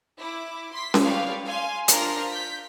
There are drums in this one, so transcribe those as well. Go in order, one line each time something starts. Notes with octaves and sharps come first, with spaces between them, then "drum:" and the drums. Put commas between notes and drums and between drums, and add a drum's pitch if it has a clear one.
E4 D6
C6 B6
drum: snare C#4
G4 B4 C#5 D5 F5
F5 G#5 C6
D4 F4 A#4 C5 F6 A#6, drum: hi-hat
G6 B6